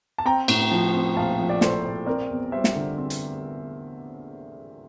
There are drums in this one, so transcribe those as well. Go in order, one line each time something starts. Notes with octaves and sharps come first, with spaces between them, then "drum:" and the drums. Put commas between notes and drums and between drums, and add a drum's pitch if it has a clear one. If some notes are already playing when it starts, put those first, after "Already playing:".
A5
C4 G5 A#5
A2, drum: cymbal
F3
C4
A#1 F5 A5
F3
D5
A#1 A4 C5, drum: snare
A#1
C4 A#4 D5
E2
G3 C5 E5
drum: snare
D3
C4
drum: hi-hat